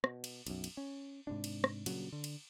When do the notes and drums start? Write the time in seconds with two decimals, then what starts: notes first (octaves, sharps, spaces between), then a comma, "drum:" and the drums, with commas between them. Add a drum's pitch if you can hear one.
0.04 B2, drum: rim click
0.24 drum: cymbal
0.47 B1 F#2, drum: cymbal
0.64 drum: cymbal
0.77 C#4
1.27 G#2 C3 D4
1.44 drum: cymbal
1.64 drum: rim click
1.86 G2 A#2 C#3 F#3, drum: cymbal
2.13 D3
2.24 drum: cymbal